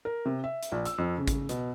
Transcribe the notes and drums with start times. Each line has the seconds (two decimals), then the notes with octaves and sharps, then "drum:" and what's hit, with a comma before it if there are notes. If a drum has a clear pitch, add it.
0.05 A#4
0.25 C3
0.44 E5
0.63 drum: hi-hat
0.72 A#1
0.85 E6, drum: hi-hat
0.98 F2
1.18 C#3
1.28 drum: kick, hi-hat
1.49 B2, drum: hi-hat